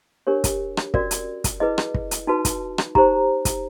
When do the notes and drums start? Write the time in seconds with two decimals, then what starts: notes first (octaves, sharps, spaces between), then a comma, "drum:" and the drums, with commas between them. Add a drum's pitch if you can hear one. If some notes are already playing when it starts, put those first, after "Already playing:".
0.27 D4 G4 A#4 C#5
0.44 drum: kick, hi-hat
0.77 drum: rim click
0.94 C#4 F#4 A#4 D5, drum: kick
1.11 drum: hi-hat
1.44 drum: kick, hi-hat
1.60 E4 G#4 B4 D#5
1.78 drum: rim click
1.94 drum: kick
2.11 drum: hi-hat
2.27 D#4 F#4 B4 A5
2.45 drum: kick, hi-hat
2.78 drum: rim click
2.95 D#4 G4 C5 A#5, drum: kick
3.45 drum: kick, hi-hat